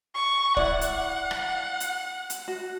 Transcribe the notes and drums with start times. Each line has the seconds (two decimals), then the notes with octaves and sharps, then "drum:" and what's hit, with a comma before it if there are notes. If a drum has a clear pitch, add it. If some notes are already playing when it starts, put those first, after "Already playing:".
0.14 C#6
0.57 E4 D5 F#5, drum: kick
0.81 drum: hi-hat
1.31 drum: rim click
1.80 drum: hi-hat
2.30 drum: hi-hat
2.48 F#4